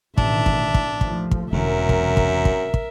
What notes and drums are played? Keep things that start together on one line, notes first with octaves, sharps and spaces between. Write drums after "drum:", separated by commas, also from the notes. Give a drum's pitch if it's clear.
A1 B2 D#3 D4 E5, drum: kick
drum: kick
drum: kick
D#2 F3 A3, drum: kick
drum: kick
E1 F#2 D3 E3 A#4 E5
C3, drum: kick
drum: kick
drum: kick
drum: kick